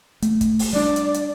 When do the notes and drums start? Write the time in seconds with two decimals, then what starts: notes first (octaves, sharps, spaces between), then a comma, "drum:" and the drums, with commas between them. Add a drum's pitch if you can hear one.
0.22 A3, drum: hi-hat
0.41 drum: kick, hi-hat
0.59 drum: open hi-hat
0.73 G3 D4 D5
0.96 drum: hi-hat
1.14 drum: hi-hat